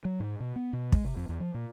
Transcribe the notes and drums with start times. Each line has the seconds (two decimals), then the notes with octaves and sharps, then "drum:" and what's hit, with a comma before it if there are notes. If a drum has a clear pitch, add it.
0.05 F#3
0.20 G#2
0.40 B2
0.56 B3
0.73 B2
0.92 G#3, drum: kick
1.05 C3
1.16 F2
1.29 E2
1.40 F3
1.54 A#2